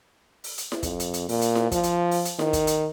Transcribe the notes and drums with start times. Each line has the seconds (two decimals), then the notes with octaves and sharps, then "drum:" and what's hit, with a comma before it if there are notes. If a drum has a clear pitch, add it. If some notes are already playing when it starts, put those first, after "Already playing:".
0.44 drum: open hi-hat
0.58 drum: hi-hat
0.72 drum: snare E4
0.83 F2, drum: kick, hi-hat
1.00 drum: hi-hat
1.14 drum: hi-hat
1.29 A#2, drum: open hi-hat
1.41 drum: hi-hat
1.55 drum: snare E4
1.72 F3, drum: kick, hi-hat
1.83 drum: hi-hat
2.11 drum: open hi-hat
2.25 drum: hi-hat
2.39 D#3, drum: snare E4
2.53 drum: kick, hi-hat
2.67 drum: hi-hat